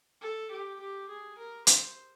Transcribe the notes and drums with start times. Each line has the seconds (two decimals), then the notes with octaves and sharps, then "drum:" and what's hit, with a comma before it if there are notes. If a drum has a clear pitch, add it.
0.21 A4
0.50 G4
0.80 G4
1.09 G#4
1.38 A#4
1.67 C5, drum: hi-hat